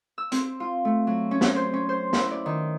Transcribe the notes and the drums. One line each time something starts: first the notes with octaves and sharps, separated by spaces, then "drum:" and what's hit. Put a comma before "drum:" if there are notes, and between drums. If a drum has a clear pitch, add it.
E6
C4, drum: hi-hat
F4
A3
F#3
C#4
drum: snare
C5
C#4
C5
E4, drum: snare
D5
D#3